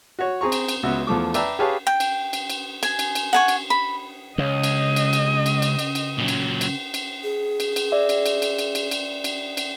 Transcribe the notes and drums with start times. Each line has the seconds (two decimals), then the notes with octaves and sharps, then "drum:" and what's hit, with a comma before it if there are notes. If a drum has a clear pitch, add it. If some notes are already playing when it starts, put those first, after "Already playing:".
0.19 F#4 C#5
0.41 C4 G#4 A#5 C#6
0.52 drum: cymbal
0.69 drum: cymbal
0.83 C#2 B3 F#4 E5
1.07 E2 F3 A3 D6
1.34 B4 D5 E5 G5 A5 A#5, drum: cymbal
1.59 G4 G#4 B4 C#5 F5 A5
1.87 G5
2.00 drum: cymbal
2.33 drum: cymbal
2.50 drum: cymbal
2.83 G#5, drum: cymbal
2.99 drum: cymbal
3.15 drum: cymbal
3.33 F#5 G#5 C#6
3.48 drum: cymbal
3.70 B5
4.38 C#2 C#3 D#5
4.64 drum: cymbal
4.96 drum: cymbal
5.13 drum: cymbal
5.46 drum: cymbal
5.62 drum: cymbal
5.79 drum: cymbal
5.95 drum: cymbal
6.18 A#2 F#3
6.28 drum: cymbal
6.61 drum: cymbal
6.94 drum: cymbal
7.23 G#4
7.60 drum: cymbal
7.76 drum: cymbal
7.92 D5 E5
8.09 drum: cymbal
8.26 drum: cymbal
8.42 drum: cymbal
8.59 drum: cymbal
8.75 drum: cymbal
8.91 drum: cymbal
9.24 drum: cymbal
9.57 drum: cymbal